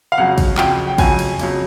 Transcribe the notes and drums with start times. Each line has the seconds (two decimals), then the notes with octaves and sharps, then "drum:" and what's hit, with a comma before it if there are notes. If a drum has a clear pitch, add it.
0.12 F5
0.18 F2 C#3 F#3 F#5
0.38 drum: kick, cymbal
0.58 F2 C#3 F#3 G5, drum: clap
0.87 G5
0.98 F2 C#3 F#3 G#5, drum: kick, cymbal
1.19 drum: cymbal
1.39 F2 C#3 F#3, drum: cymbal